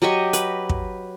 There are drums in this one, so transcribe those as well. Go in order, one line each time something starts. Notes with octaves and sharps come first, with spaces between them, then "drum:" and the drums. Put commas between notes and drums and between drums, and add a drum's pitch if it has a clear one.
F#3 G4 D#5 C#6
B4, drum: hi-hat
drum: kick